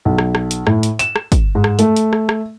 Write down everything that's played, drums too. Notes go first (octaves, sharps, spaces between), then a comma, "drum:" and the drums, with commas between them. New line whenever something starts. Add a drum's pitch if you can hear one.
B1
drum: rim click
drum: rim click
drum: hi-hat
A2, drum: rim click
drum: hi-hat
E7, drum: hi-hat
drum: rim click
drum: kick, hi-hat
G#2
drum: rim click
A3, drum: hi-hat
drum: hi-hat
drum: rim click
drum: rim click